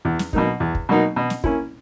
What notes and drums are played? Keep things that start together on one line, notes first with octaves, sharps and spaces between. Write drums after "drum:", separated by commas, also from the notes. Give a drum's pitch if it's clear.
E2
drum: snare
B2 F#3 A#3 D#4, drum: kick
E2
drum: kick
B2 F#3 A#3 D#4
B2
drum: snare
A#3 C#4 E4, drum: kick